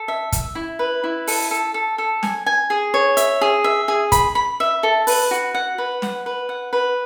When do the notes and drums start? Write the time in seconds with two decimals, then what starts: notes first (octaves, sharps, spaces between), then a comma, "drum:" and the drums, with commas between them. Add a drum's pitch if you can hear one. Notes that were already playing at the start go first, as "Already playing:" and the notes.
Already playing: A4
0.08 E5
0.32 E5, drum: kick, hi-hat
0.55 E4
0.79 B4
1.04 E4
1.27 A4, drum: open hi-hat
1.51 A4
1.74 A4
1.98 A4
2.23 G#5, drum: snare
2.46 G#5
2.70 G#4
2.94 C#5
3.17 E5, drum: hi-hat
3.41 G#4
3.64 E5
3.88 G#4
4.12 B5, drum: kick, hi-hat
4.35 B5
4.60 E5
4.83 A4
5.07 B4, drum: open hi-hat
5.31 F#4
5.54 F#5
5.78 B4
6.02 F#5, drum: snare
6.26 B4
6.49 F#5
6.73 B4